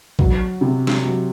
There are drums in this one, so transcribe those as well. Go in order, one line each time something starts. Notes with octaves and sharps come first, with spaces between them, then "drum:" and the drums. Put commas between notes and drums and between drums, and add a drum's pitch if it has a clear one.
F#3, drum: kick
C3
drum: snare
F#3